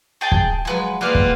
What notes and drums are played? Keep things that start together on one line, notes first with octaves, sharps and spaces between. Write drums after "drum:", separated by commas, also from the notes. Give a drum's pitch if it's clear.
G#4 G5 A5
drum: kick
F3 F#3 G#3 B4 G#5
G#3 A#3 B3 F4 G4 B4 D5 F5
drum: kick